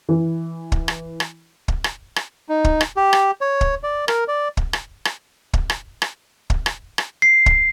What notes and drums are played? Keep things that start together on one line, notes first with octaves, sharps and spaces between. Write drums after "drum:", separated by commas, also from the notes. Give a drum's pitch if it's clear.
E3
drum: kick
drum: rim click
drum: rim click
drum: kick
drum: rim click
drum: rim click
D#4
drum: kick
drum: rim click
G4
drum: rim click
C#5
drum: kick
D5
A#4, drum: rim click
D5
drum: kick
drum: rim click
drum: rim click
drum: kick
drum: rim click
drum: rim click
drum: kick
drum: rim click
drum: rim click
C7
drum: kick